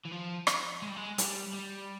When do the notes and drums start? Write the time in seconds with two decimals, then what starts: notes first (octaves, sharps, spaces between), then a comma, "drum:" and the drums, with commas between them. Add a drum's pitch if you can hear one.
0.05 E3
0.11 F3
0.47 drum: rim click
0.82 G#3
0.89 G3
0.97 G#3
1.18 G3, drum: hi-hat
1.53 G3